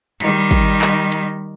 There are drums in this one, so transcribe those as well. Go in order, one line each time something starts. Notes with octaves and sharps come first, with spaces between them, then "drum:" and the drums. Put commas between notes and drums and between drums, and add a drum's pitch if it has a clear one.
D#3 G3, drum: hi-hat
drum: kick, hi-hat
drum: clap
drum: hi-hat